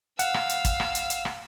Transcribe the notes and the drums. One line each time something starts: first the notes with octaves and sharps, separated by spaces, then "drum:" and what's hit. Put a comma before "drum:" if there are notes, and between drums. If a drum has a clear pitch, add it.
F5 F#5 E6, drum: hi-hat
drum: rim click
drum: hi-hat
drum: kick, hi-hat
drum: rim click
drum: hi-hat
drum: hi-hat
drum: rim click